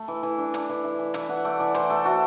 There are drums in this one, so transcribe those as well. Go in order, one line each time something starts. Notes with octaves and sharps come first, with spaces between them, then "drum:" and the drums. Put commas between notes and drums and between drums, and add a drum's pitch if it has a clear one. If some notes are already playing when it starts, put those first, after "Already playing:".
Already playing: A3
E3
E3
D4
D4, drum: hi-hat
E3
E3
E3
E3 E5, drum: hi-hat
E3 F#5
A3 D5
E3 D5
E3 C5, drum: hi-hat
A3 A4
A3 F#4